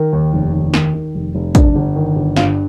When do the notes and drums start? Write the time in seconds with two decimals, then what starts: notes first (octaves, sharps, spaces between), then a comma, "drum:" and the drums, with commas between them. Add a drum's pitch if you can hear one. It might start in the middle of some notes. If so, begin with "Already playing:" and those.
Already playing: D#3 A#4
0.13 D#2
0.33 F1
0.53 D#2
0.74 D#3, drum: snare
0.94 D#3
1.15 F1
1.35 F1
1.55 G2 D4 D5, drum: kick, hi-hat
1.76 G1
1.96 D#3
2.16 G1
2.36 G2 F4 F5, drum: snare